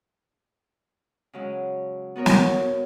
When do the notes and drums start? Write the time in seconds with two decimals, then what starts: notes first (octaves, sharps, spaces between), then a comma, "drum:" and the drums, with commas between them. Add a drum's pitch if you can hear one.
1.33 C#3 F#3 G#3
2.16 B3 F#4 A#4 C#5
2.26 drum: snare